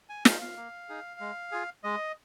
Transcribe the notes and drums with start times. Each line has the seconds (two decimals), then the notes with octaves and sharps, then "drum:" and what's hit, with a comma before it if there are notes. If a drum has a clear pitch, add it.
0.09 G#5
0.25 D#4 G#4 F5, drum: snare
0.41 F5
0.57 A#3
0.89 D#4 G#4
1.20 G#3
1.52 F4 G#4
1.84 G#3 D#5